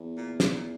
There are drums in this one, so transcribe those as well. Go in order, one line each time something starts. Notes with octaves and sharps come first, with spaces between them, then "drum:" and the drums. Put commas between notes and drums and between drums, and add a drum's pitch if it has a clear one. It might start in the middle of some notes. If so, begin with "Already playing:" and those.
Already playing: E2
A#2
B2, drum: snare
A#2